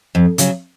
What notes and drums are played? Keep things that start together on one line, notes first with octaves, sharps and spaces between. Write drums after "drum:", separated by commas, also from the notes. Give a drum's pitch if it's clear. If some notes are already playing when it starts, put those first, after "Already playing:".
F2
C#3 F#3, drum: hi-hat